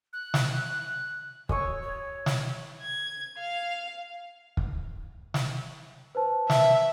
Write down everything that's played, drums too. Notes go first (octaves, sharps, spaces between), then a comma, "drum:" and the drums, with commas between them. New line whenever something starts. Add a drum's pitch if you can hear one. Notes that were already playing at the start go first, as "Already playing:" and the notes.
F#6
drum: snare
C#5 C#6 D#6 E6, drum: kick
C#5
drum: snare
G#6
F5
drum: kick
drum: snare
B4 C5 A5
E5, drum: snare